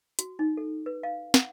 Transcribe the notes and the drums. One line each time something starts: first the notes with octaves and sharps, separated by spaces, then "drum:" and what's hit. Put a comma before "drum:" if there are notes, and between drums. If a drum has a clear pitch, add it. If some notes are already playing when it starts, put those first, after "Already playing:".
F#4, drum: hi-hat
D#4
A4
B4
F5
F#5, drum: snare